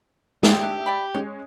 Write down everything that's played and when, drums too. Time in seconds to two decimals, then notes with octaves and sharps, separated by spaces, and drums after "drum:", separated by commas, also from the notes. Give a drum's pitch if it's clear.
0.43 G4 E5 D#6, drum: snare
0.63 D4
0.86 D5 G5 B5
1.14 G#3 C#4 C#5